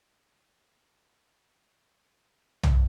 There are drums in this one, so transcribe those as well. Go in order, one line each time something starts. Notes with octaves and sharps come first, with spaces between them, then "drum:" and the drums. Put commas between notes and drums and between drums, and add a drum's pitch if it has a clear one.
A6 C#7
drum: tom B1